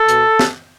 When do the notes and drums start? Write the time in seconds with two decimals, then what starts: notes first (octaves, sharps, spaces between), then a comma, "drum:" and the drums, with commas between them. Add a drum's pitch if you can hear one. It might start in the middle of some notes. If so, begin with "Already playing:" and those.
Already playing: A4
0.09 B2, drum: hi-hat
0.39 drum: snare